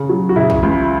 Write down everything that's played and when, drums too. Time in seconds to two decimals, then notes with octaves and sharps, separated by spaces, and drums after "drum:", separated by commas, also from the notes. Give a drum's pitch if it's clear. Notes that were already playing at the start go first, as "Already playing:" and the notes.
Already playing: C#3
0.09 F#3
0.29 F#4
0.36 C#3 E4
0.50 drum: kick
0.63 C#2